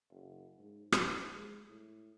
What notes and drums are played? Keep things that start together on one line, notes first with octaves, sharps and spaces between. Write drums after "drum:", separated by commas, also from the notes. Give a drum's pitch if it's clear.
F#1
G#2
B1, drum: rim click
G#3
A2